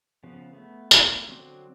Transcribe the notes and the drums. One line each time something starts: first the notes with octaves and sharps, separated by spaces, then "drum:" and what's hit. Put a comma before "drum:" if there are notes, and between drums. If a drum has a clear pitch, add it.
C#3 F3 B3
A3 B3
drum: tambourine
D3 F#3 C4 C6 D6